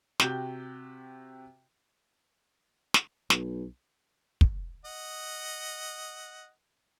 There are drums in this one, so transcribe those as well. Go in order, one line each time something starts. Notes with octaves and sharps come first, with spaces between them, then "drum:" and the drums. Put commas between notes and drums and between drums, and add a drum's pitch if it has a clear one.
C3 F#4 G4 G6 G7, drum: snare
drum: snare
B1, drum: snare
drum: kick
D#5 F#5